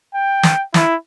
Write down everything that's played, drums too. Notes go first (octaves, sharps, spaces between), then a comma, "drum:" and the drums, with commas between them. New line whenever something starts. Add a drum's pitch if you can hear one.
G5
drum: snare
E4, drum: snare